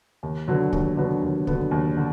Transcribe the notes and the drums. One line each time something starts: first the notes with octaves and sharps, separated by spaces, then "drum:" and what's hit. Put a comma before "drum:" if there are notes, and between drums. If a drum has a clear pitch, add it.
D#2
D3 F#3 B3
D#2, drum: kick
D3 F#3 B3
D#2
D3 F#3 B3, drum: kick
D#2
D3